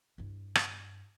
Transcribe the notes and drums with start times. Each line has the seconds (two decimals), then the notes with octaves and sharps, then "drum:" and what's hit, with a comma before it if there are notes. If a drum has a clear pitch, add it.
0.18 G2 E4
0.55 drum: rim click